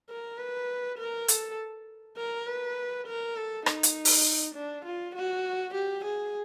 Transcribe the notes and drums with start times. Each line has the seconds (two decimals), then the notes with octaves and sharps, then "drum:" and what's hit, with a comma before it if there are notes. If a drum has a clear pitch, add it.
0.09 A#4
0.38 B4
0.98 A#4
1.28 A4, drum: hi-hat
2.18 A#4
2.47 B4
3.07 A#4
3.36 A4
3.66 D#4, drum: rim click
3.83 drum: hi-hat
4.05 drum: open hi-hat
4.55 D4
4.85 F4
5.15 F#4
5.74 G4
6.05 G#4